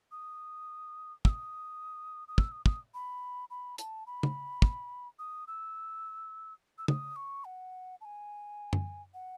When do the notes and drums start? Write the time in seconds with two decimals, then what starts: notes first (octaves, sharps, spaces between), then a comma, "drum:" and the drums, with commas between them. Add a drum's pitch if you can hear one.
0.12 D#6
1.25 E6, drum: kick
1.29 D#6
2.28 D#6
2.38 E6, drum: kick
2.52 D#6
2.66 D#6, drum: kick
2.94 B5
3.50 B5
3.78 A5, drum: hi-hat
4.07 B5
4.23 drum: tom
4.62 drum: kick
5.19 D#6
5.47 E6
6.78 E6
6.88 D#6, drum: tom
7.16 C#6
7.45 F#5
8.01 A5
8.05 G#5
8.73 drum: tom F#2
9.14 F#5